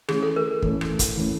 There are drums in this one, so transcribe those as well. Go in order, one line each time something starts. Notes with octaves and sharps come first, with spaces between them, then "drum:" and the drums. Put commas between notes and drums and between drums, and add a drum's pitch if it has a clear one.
E3 A3 C#4 G#4, drum: rim click
A4
A#4
E3 A3 C#4, drum: kick
drum: rim click
drum: kick, hi-hat
E3 A3 C#4